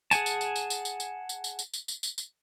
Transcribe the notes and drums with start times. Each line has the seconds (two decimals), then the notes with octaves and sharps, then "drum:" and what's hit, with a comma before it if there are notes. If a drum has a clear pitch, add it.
0.11 G#4 F#5 G#5 A5, drum: tambourine
0.26 drum: tambourine
0.41 drum: tambourine
0.56 drum: tambourine
0.70 drum: tambourine
0.85 drum: tambourine
1.00 drum: tambourine
1.29 drum: tambourine
1.44 drum: tambourine
1.59 drum: tambourine
1.74 drum: tambourine
1.88 drum: tambourine
2.03 drum: tambourine
2.18 drum: tambourine